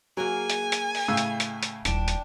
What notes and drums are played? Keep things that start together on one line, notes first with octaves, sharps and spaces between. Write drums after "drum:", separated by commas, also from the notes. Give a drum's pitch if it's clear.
F#3 A#3 G#4 A#4 G#5
drum: hi-hat
drum: hi-hat
drum: open hi-hat
A2 C#3 E6
drum: hi-hat
drum: hi-hat
drum: hi-hat
D#1 D4 E4 G5, drum: hi-hat
drum: hi-hat